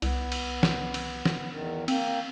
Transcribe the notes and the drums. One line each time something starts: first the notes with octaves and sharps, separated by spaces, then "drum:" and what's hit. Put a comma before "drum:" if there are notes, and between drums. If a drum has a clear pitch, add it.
C2 B3, drum: cymbal
drum: cymbal
drum: snare
drum: cymbal
drum: snare
E2 D#3
A#3 C4 G5, drum: cymbal